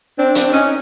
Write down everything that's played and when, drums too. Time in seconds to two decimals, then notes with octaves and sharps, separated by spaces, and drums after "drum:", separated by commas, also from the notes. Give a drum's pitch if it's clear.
0.18 C4 D4
0.35 C4 D4, drum: hi-hat
0.53 C#4 D#4